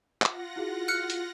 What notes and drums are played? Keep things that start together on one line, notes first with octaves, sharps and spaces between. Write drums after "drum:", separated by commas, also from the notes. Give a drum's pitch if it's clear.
F4 F#5 A#6, drum: clap
E4 F#4 G#4
F6 F#6 C#7
drum: hi-hat